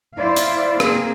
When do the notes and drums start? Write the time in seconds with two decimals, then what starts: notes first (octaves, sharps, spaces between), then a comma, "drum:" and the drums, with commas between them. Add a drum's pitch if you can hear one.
0.17 E4 C5 D5 F5
0.36 drum: hi-hat
0.80 A#3 C4 G#4, drum: rim click